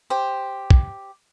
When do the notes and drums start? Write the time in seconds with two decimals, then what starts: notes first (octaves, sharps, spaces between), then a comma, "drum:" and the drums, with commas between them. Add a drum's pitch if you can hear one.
0.10 G4 C5
0.71 drum: kick